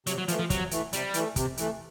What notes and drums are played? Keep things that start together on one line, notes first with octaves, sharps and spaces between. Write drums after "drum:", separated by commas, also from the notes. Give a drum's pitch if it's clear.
C3 F#3, drum: hi-hat
F#3
E3 F3 A3, drum: hi-hat
F3
C3 F#3, drum: kick, hi-hat
E3 A3, drum: hi-hat
C3 G3, drum: hi-hat
E3 A3, drum: hi-hat
C3, drum: kick, hi-hat
E3 A3, drum: hi-hat